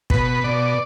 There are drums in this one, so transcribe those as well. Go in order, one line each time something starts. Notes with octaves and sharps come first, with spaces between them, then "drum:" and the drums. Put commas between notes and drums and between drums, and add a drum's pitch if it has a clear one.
B2 B4, drum: kick
B2 D5